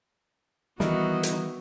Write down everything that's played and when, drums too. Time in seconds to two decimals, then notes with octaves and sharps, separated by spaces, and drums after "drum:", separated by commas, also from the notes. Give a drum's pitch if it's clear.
0.80 D#3 E3 G3 B3 E4 F#4 A#4 D#5, drum: snare
1.23 drum: hi-hat